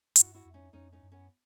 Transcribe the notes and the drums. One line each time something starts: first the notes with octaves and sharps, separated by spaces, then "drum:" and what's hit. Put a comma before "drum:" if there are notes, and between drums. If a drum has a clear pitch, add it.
G2 E4 F#4, drum: hi-hat
E4 F#4
F2
C#4 D#4
F2 C#4 D#4
C#4 D#4
F#2
B3 C#4